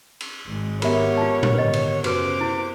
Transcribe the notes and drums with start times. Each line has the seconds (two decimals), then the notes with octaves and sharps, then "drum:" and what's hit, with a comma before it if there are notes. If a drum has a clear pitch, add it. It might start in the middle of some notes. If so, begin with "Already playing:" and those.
0.21 drum: cymbal
0.47 G#1 G#3
0.82 B3 G4 A#4 C#5 E5 B5, drum: cymbal
1.17 F4 A5
1.43 drum: tom A#2
1.54 G#1 D3 B4 D#5
1.73 drum: cymbal
2.04 F#2 C#3 F#4 B4 C5 D6, drum: cymbal
2.41 C3 E4